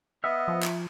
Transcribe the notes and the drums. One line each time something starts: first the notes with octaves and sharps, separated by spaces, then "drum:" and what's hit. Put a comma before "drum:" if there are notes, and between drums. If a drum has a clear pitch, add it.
B3 D#5 E5 F#5 E6 F6
F3
drum: clap